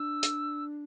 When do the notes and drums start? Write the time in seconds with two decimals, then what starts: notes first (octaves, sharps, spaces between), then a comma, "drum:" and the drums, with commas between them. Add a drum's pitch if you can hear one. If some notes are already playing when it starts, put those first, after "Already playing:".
Already playing: D4 E6
0.23 drum: hi-hat